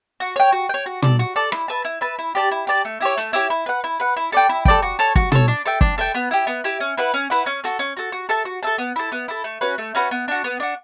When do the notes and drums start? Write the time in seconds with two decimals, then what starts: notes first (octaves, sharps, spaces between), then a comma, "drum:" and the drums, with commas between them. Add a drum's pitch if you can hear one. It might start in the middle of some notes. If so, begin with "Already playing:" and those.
0.20 F#4
0.36 C#5 G5
0.52 F#4
0.69 C#5 G5
0.86 F#4
1.02 A4 D5, drum: tom
1.19 F#4
1.36 A4 D5
1.52 E4, drum: rim click
1.68 B4 E5 A5
1.85 E4
2.01 B4 E5 A5
2.19 E4
2.35 G4 D5 A5
2.51 E4
2.67 G4 D5 A5
2.85 A3
3.00 E4 G4 C#5
3.17 A3, drum: hi-hat
3.33 E4 G4 C#5
3.50 E4
3.66 B4 F#5
3.84 E4
4.00 B4 F#5
4.17 E4
4.32 A4 D5 G5
4.49 E4
4.65 A4 D5 G5, drum: kick
4.83 F#4
4.99 A4 C#5
5.16 F#4, drum: kick
5.32 A4 C#5, drum: tom
5.48 D4
5.66 A4 E5 G5
5.81 D4, drum: kick
5.98 A4 E5 G5
6.14 B3
6.31 E4 G4
6.47 B3
6.64 E4 G4
6.80 C#4
6.97 E4 B4 F#5
7.14 C#4
7.30 E4 B4 F#5
7.46 C#4
7.64 F#4 A4, drum: hi-hat
7.79 C#4
7.97 F#4 A4
8.12 F#4
8.29 A4 E5 A5
8.45 F#4
8.63 A4 E5 A5
8.78 B3
8.96 E4 A4
9.12 B3
9.28 E4 A4
9.44 A3
9.61 C#4 F#4 B4
9.78 A3
9.95 C#4 F#4 B4
10.11 B3
10.28 D4 F#4
10.44 B3
10.60 D4 F#4